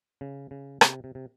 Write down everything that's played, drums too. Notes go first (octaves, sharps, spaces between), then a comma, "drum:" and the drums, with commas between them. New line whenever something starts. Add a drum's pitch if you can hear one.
C#3
C#3
C3, drum: rim click
C3
C3